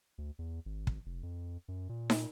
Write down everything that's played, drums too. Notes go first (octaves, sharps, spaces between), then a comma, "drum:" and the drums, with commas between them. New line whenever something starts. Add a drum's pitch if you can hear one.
D2
E2
G#1
drum: kick
F1
F2
F#2
A#2
drum: snare